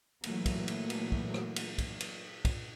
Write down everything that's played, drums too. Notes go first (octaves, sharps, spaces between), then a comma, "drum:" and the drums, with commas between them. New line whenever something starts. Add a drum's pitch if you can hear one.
A#2 E3 F#3 A3 A#3, drum: cymbal
drum: kick, cymbal
drum: cymbal
drum: cymbal
drum: kick
drum: rim click
drum: cymbal
drum: kick, cymbal
drum: cymbal
drum: kick, cymbal